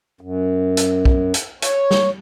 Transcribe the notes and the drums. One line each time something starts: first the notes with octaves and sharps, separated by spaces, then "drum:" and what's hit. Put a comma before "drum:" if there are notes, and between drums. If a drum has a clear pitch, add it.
F#2
drum: hi-hat
drum: kick
drum: hi-hat
C#5, drum: hi-hat
drum: snare